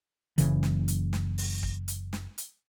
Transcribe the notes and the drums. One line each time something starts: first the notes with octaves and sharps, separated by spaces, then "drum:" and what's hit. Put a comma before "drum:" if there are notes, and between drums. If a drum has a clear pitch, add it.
F#1 C#3 E3, drum: hi-hat
drum: snare
drum: hi-hat
drum: snare
drum: open hi-hat
drum: kick
drum: hi-hat
drum: snare
drum: hi-hat